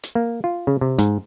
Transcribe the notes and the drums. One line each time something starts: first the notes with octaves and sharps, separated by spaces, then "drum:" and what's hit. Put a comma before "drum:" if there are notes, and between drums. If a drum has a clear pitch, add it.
drum: hi-hat
A#3
F4
C#3
C3
G#2, drum: hi-hat